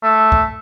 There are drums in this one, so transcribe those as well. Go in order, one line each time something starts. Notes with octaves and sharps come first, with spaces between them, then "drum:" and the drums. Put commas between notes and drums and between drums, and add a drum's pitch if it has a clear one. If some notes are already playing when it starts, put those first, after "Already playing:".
A3
drum: kick